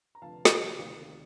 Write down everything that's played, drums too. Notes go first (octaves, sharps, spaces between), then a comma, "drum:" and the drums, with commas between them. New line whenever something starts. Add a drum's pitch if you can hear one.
A#5
F1 F2 D3 F5 A5
F5, drum: snare
D#5 G5
D2 C3 D#3 D5 F5